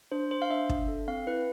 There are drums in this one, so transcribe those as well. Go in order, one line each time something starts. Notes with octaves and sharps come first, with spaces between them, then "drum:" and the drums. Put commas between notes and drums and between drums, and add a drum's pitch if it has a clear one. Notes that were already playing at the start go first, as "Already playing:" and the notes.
D4 C5
D4 C5
F5
D4 E5
D4, drum: kick
A4
C4 F5
E4 B4